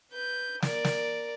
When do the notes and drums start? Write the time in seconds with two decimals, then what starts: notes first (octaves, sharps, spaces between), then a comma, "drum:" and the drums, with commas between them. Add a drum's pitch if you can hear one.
0.12 B4 G6
0.62 A#4 D5, drum: snare
0.85 drum: snare